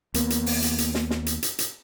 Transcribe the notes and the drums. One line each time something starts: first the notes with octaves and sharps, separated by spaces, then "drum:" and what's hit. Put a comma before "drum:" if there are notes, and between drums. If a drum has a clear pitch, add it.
D#2 A#3 B3, drum: hi-hat
drum: hi-hat
drum: open hi-hat
drum: hi-hat
drum: hi-hat
drum: snare
drum: snare
drum: hi-hat
drum: hi-hat
drum: hi-hat